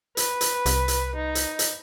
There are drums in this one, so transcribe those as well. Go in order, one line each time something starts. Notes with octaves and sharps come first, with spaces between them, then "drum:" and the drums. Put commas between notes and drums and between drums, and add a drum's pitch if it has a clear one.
B4, drum: hi-hat
drum: hi-hat
C2, drum: hi-hat
drum: hi-hat
D#4
drum: hi-hat
drum: hi-hat